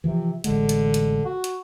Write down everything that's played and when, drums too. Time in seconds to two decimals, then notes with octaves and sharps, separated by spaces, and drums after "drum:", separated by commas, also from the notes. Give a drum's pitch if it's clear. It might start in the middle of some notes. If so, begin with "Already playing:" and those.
0.04 C3 E3 F3
0.44 A1 D3 G#3, drum: hi-hat
0.69 drum: hi-hat
0.94 drum: hi-hat
1.25 F#4
1.44 drum: hi-hat